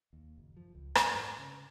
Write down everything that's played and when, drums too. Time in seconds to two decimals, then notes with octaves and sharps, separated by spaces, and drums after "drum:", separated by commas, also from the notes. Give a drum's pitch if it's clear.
0.13 D#2
0.38 F#1
0.57 F3
0.75 C#2
0.95 F#2, drum: rim click
1.15 G#2
1.38 C#3